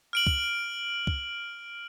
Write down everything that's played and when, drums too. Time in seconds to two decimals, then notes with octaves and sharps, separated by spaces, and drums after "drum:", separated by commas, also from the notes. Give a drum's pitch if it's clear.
0.13 F6 D7 F#7
0.27 drum: kick
1.07 drum: kick